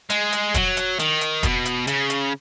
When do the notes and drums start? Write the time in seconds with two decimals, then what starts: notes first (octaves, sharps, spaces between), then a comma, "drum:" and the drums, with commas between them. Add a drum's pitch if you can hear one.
0.10 G#3, drum: hi-hat
0.32 drum: hi-hat
0.54 F#3, drum: kick, hi-hat
0.77 drum: hi-hat
0.99 D#3, drum: hi-hat
1.21 drum: hi-hat
1.43 B2, drum: kick, hi-hat
1.65 drum: hi-hat
1.87 C#3, drum: hi-hat
2.10 drum: hi-hat